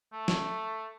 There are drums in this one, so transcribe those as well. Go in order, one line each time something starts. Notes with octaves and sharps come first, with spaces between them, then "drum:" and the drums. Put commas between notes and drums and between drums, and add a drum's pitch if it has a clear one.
A3
drum: snare